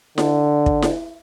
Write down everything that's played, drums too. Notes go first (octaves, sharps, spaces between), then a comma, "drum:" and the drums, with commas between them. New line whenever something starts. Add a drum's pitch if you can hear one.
D3, drum: snare E4
drum: kick
drum: snare E4